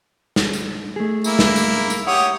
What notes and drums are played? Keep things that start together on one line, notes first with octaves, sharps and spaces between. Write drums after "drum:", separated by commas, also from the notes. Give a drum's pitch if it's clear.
drum: snare
drum: tambourine
A3 G#4
A#3 E4, drum: tambourine
drum: snare
drum: tambourine
drum: tambourine
G4 C#5 F#5 D#6